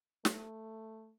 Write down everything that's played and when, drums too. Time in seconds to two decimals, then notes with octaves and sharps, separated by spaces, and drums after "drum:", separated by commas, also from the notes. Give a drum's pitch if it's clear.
0.25 A3, drum: snare